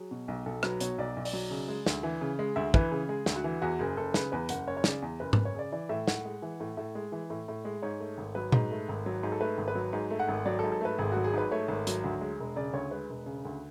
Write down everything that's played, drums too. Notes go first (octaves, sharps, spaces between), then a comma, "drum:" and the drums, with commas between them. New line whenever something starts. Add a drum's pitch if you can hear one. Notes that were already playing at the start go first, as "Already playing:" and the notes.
Already playing: F#3 G#4
B2
B1
B1 A4
F#3 B4, drum: rim click
B2 C#5, drum: hi-hat
B1 D5
B1
D5, drum: open hi-hat
F#3
C#3
G#3
D2, drum: snare
E3
C#3
G#3
D2 E5
E3 B4, drum: kick
C#3 G#4
G#3 G#4
D2, drum: snare
F#4
E3
E2 F#4
F#1 G#4
F#1 A4
C#3 B4, drum: snare
E2 B4
F#1 F#5, drum: hi-hat
F#1 C#5
C#5
C#3 D5, drum: snare
E2
F#1 B4
F#1 B4, drum: tom G#2
C#5
C#3 D5
E3 D5
A2 E5
A2 F#5, drum: snare
G#3
E3
A2
A2 E5
G#3
E3
A2
A2
G#3
G#2 C#5
A3
G#1
F#3 B4
G#2, drum: tom A#2
A3
G#1
F#3
G#2
A4
A3 B4
G#1
B4
F#3
G#2
A3
F#5
G#1
F#3 D5
A4
G#2
A4
A3 B4
G#1 G#4
F#3 F#4
G#4
G#2 B4
A3 C#5
G#1
F#3, drum: hi-hat
D2
G#3
E1
C#3 D5
D2 C#5
G#3 B4
E1
C#3
D2